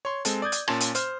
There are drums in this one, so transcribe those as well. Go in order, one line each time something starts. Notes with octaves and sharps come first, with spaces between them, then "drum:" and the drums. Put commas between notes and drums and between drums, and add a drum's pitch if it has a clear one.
C#5 C6
G#3 C4 A4, drum: hi-hat
D5 D#6 G6 G#6
drum: hi-hat
A#2 C#4 A5 C6, drum: rim click
drum: hi-hat
C5 F6, drum: hi-hat